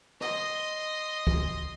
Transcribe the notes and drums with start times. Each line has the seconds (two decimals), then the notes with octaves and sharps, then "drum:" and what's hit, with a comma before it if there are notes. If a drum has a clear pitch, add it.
0.21 D#5 C6, drum: rim click
1.27 drum: kick